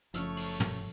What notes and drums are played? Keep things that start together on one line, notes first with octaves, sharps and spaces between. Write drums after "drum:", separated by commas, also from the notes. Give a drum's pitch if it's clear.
F#1 F3 A3 C#4 C#5 E6 F6, drum: hi-hat
drum: open hi-hat
drum: tom